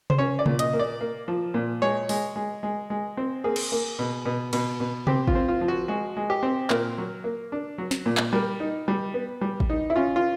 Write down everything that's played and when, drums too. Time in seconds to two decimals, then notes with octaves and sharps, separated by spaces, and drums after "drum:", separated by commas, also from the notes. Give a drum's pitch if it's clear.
0.10 C5, drum: tom C3
0.18 C#4 C#5
0.39 D5
0.46 A#2, drum: tom C3
0.59 D#5, drum: hi-hat
0.73 A#3
0.79 D5
1.01 A#3
1.28 F3
1.54 A#2
1.82 G#3 C#5
2.09 G#3, drum: open hi-hat
2.36 G#3
2.63 G#3
2.90 G#3
3.17 C4
3.44 A#3 G#4
3.56 drum: cymbal
3.72 A#3
3.99 B2
4.26 B2
4.53 B2, drum: cymbal
4.80 B2
5.07 C4 G4, drum: tom C3
5.27 F4, drum: kick
5.35 C4
5.48 F4
5.61 F3
5.68 F#4
5.88 G#3 F#4
6.17 G#3
6.30 G4
6.43 C4
6.70 A#2 A#4, drum: clap
6.98 F#3
7.24 A#3
7.52 D4
7.78 F#3
7.91 drum: snare
8.06 A#2
8.17 drum: clap
8.33 G3 A#4
8.60 D#4
8.88 G3
9.14 B3
9.41 G3
9.60 drum: kick
9.70 D#4
9.90 E4
9.96 C#4 F4
10.16 F4